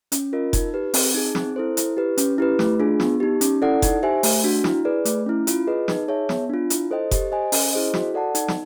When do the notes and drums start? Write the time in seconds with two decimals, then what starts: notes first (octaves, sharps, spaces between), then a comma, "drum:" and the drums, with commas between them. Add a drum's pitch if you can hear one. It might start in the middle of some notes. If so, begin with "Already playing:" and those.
0.12 C#4, drum: hi-hat
0.33 F4 A#4 D#5
0.53 D#4, drum: kick F1, hi-hat
0.74 G4 B4
0.94 C4, drum: open hi-hat
1.15 D#4 G#4
1.35 C4, drum: snare
1.56 E4 A4 C5
1.77 E4, drum: hi-hat
1.97 G4 B4
2.18 C#4, drum: hi-hat
2.38 E4 G4 B4
2.59 A3, drum: snare
2.80 D4 F4 G#4
3.00 B3, drum: snare
3.20 D#4 G4
3.41 C#4, drum: hi-hat
3.62 E4 A4 D5 F#5
3.82 D#4, drum: kick F1, hi-hat
4.03 G4 C5 E5 G#5
4.23 A3, drum: open hi-hat
4.44 D4 F#4
4.64 E4, drum: snare
4.85 G#4 B4 D5
5.05 A3, drum: hi-hat
5.26 C#4 E4
5.47 F4, drum: hi-hat
5.67 G#4 B4 D#5
5.88 D#4, drum: snare
6.08 G#4 C#5 E5 A5
6.29 B3, drum: snare
6.49 D4 F4
6.70 E4, drum: hi-hat
6.91 A4 C5 D#5 G5
7.11 G4, drum: kick F1, hi-hat
7.32 C5 D#5 G#5
7.52 C#4, drum: open hi-hat
7.73 E4 G#4 C5 D#5
7.94 F#4, drum: snare
8.14 A4 D5 F#5 A5
8.35 D#4, drum: hi-hat
8.48 drum: snare